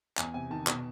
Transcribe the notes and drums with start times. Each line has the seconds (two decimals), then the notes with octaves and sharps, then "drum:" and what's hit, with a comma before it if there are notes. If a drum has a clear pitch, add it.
0.17 E2 G#5, drum: clap
0.34 C3 G#5
0.50 D#3 A5
0.67 B2, drum: clap